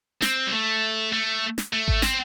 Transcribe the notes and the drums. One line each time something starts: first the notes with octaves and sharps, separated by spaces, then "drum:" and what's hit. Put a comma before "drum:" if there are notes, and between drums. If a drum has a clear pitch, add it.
C4, drum: snare
G3
A3
A3
drum: snare
A3
drum: kick G#1
C4, drum: snare